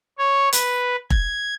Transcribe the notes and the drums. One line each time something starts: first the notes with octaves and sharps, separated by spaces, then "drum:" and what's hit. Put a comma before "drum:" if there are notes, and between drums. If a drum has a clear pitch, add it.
C#5
B4, drum: hi-hat
G#6, drum: kick F1